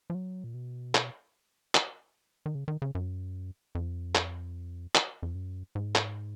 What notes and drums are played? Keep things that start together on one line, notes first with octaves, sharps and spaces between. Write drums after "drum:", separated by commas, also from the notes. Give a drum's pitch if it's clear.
F3
F#3
A#2
B2
drum: clap
drum: clap
D#3
C#3
D#3
C#3
F#2
F2
drum: clap
drum: clap
F2
F#2
G#2
drum: clap